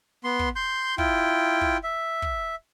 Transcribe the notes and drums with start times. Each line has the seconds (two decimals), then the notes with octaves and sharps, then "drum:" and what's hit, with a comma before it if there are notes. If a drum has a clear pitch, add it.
0.24 B3 C6
0.39 drum: kick
0.56 C6 G6
0.98 E4 F4 G5, drum: kick
1.61 drum: kick
1.83 E5
2.22 drum: kick